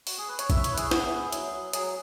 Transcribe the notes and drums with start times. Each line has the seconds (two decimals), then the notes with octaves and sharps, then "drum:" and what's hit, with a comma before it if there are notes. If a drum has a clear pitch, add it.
0.07 F#4, drum: open hi-hat
0.18 G#4
0.28 B4
0.39 C#5, drum: hi-hat
0.50 E4 E5, drum: kick, hi-hat
0.64 C#5, drum: hi-hat
0.70 E4 B4
0.78 G#4, drum: hi-hat
0.91 B3, drum: snare
1.12 E4
1.33 F#3, drum: hi-hat
1.53 F#3
1.73 F#3 G#4, drum: hi-hat